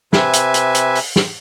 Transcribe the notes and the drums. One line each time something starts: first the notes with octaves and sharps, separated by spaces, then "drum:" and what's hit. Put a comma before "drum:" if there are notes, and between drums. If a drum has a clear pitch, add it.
C3 B4 E5 G#5, drum: snare
drum: hi-hat
drum: hi-hat
drum: hi-hat
drum: open hi-hat
drum: snare